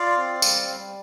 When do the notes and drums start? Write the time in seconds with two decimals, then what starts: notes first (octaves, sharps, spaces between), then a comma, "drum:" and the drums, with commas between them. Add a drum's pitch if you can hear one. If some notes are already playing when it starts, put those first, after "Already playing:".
Already playing: F4 D5 F5
0.17 C4
0.42 G3, drum: tambourine
0.68 G3